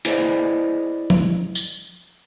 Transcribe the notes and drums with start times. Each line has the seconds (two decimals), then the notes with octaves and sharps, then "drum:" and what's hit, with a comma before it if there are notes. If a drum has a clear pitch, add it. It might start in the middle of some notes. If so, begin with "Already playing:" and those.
0.05 E4 G#4 B4 C5 D5 D#5, drum: hi-hat
1.10 drum: tom F3
1.55 drum: tambourine